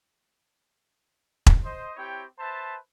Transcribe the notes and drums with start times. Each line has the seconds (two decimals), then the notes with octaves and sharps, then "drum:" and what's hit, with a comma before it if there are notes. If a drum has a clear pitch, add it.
1.46 drum: kick E1
1.64 C5 D#5
1.96 C4 E4 G4 C#5 G5
2.39 B4 C5 E5 A5